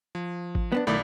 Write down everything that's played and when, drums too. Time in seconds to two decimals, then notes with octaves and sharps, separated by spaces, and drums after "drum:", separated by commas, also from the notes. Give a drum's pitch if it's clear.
0.15 F3
0.55 drum: kick G#1
0.72 B3 C4 D4
0.87 B1 A2 D#3 A3 D5 B5